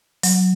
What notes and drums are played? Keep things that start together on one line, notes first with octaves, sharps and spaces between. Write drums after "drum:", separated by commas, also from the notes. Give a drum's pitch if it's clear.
F#3, drum: open hi-hat